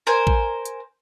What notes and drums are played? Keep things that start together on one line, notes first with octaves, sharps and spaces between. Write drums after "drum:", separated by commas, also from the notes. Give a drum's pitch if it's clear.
A#4 C5 G#5
drum: kick
drum: hi-hat